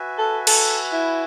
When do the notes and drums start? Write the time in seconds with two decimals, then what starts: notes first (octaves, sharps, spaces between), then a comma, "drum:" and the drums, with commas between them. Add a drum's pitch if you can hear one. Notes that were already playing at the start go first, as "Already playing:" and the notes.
Already playing: F#4 B4 E5 G#5
0.18 A4
0.47 A4, drum: cymbal
0.92 E4